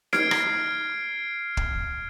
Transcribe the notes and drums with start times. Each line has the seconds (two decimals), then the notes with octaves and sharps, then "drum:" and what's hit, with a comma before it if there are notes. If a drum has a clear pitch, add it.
0.13 F6 G#6 C7 D7, drum: snare
0.31 drum: rim click
1.57 drum: kick